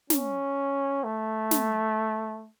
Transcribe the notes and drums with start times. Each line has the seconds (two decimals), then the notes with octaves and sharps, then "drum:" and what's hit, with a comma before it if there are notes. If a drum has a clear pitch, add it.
0.10 C#4, drum: snare
1.04 A3
1.51 drum: snare